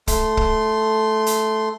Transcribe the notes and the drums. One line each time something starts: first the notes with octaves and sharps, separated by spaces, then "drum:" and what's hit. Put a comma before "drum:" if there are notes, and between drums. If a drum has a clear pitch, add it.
A3 C6, drum: kick, hi-hat
drum: kick
drum: hi-hat